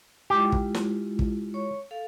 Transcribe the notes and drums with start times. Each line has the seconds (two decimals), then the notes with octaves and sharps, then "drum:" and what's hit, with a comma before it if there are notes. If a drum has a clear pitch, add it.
0.30 G#3 E4 F4 G4
0.52 drum: kick
0.74 drum: snare
1.19 drum: kick
1.54 C#5 C#6
1.91 A4 F5